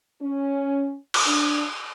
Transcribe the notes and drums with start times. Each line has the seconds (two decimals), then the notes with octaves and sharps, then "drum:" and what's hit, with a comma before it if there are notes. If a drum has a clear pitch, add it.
0.22 C#4
1.14 drum: cymbal
1.26 D4